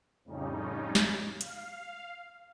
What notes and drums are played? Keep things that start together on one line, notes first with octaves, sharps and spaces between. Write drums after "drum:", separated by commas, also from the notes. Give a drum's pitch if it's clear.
F2 A2 C#3 G3 C#4 D#4
drum: snare
F5, drum: hi-hat